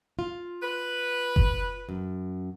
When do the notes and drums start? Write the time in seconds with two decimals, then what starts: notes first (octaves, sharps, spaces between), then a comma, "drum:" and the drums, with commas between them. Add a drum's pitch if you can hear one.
0.19 F4
0.63 B4
1.36 drum: kick F#1
1.89 F#2